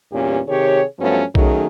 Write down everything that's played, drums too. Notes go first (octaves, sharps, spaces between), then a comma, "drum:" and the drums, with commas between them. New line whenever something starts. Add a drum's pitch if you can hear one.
E2 G2 A#2 C#4 G4
C3 D#3 G4 G#4 C#5
G2 F3 F#3 A3 B3 C#4
D#3 F#3 A3 C#4 D#4 G#4, drum: kick B1